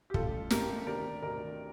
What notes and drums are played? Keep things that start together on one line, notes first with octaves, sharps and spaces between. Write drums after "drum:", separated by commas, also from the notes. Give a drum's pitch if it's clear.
G4
A1 A2 G3 F4 A4, drum: kick
A1 A2 G3 G4 A#4, drum: snare
D2 C3 D#3 A#4 D5
D2 C3 D#3 A#4 D5